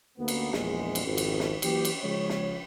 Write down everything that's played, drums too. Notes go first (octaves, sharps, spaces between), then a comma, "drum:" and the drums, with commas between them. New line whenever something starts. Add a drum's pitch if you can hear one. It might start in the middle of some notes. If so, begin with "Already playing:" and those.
D2 A#3 B3
drum: cymbal
A#1 E2 G#3, drum: snare
drum: cymbal
G#1 F2
drum: cymbal
drum: snare
E3 F#3 A#3 G4, drum: cymbal
drum: cymbal
C#3 F3 G#3 C#5
drum: snare